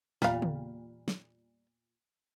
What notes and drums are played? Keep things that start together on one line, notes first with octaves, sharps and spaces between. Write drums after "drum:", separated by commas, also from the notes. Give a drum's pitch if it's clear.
E2 A#2 G3 F5, drum: snare
drum: tom C#3
drum: snare